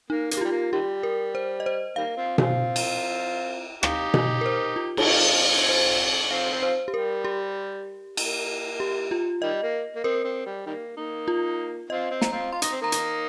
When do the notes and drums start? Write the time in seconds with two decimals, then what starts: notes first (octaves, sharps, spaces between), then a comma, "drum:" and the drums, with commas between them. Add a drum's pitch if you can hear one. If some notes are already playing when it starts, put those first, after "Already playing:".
0.10 A#3 D#4
0.31 A#3, drum: hi-hat
0.37 G4
0.41 G3 F4
0.51 A#3
0.73 D#3 G3 G4
1.03 A#4
1.35 C5
1.60 D#5
1.66 C5
1.96 D#3 G3 A#3 F5
2.17 C4 F4
2.38 C4 F4, drum: tom B2
2.76 drum: cymbal
3.83 D#4 G4 F5, drum: rim click
4.14 D#5, drum: tom B2
4.41 A#4
4.46 C5
4.76 F4
4.97 drum: cymbal
5.07 C4 F4 D#5
5.69 C5
6.31 C4 F4 F5
6.52 C4 F4
6.63 C5
6.88 G4
6.93 G3 A#4
7.25 G4
8.17 A#3, drum: cymbal
8.80 G4
9.11 F4
9.42 D#3 G3 D#5
9.63 A#3
9.96 A#3
10.04 C4 A#4
10.24 C4
10.46 G3
10.66 D#3 G3 A#3
10.97 A#3 D#4
11.28 F4
11.90 C4 F4 D#5
12.11 C4
12.22 A#5, drum: snare
12.31 C4 F4
12.52 F4 C6
12.62 D#4, drum: hi-hat
12.72 C4
12.81 A#3 D#4 A#5
12.92 drum: hi-hat